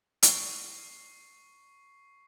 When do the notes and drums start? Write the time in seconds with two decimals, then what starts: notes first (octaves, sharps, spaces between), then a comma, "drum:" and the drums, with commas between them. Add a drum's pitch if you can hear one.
0.23 C#6 C7, drum: hi-hat